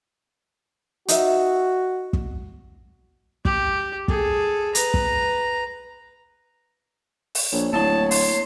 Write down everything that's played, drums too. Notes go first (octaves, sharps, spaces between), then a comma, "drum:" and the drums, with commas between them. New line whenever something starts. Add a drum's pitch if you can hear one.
D#4 F#4 A#4 E5, drum: hi-hat
drum: kick
G4, drum: kick
G#4 A4, drum: kick
B4 A#5, drum: hi-hat
drum: kick
drum: open hi-hat
A#1 C#5
D1 A#3 E4 C#5 A5
C6, drum: open hi-hat